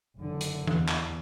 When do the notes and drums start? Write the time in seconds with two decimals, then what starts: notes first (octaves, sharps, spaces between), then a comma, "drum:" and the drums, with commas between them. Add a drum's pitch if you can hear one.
0.16 F#1 D3
0.41 drum: hi-hat
0.67 E2, drum: tom E3
0.88 drum: clap